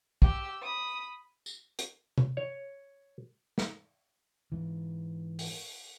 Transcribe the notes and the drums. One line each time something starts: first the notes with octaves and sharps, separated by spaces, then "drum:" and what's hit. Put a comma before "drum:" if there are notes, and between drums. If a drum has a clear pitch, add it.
G4 E6, drum: kick
B5 D#6
drum: tambourine
drum: hi-hat
drum: tom C3
C#5
drum: snare
G#2 E3
drum: open hi-hat